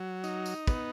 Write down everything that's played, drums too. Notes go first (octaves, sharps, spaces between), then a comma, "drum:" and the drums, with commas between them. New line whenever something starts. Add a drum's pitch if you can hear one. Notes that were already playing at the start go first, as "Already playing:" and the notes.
Already playing: F#3
D#4, drum: tambourine
drum: tambourine
B3, drum: kick, tambourine